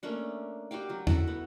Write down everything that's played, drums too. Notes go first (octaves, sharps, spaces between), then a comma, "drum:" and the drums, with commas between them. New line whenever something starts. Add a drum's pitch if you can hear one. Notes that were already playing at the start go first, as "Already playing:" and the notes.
A3 A#3 C#4 D4
F#4 G4 F5 G5
F#3
E4 F#4 A4, drum: tom
B3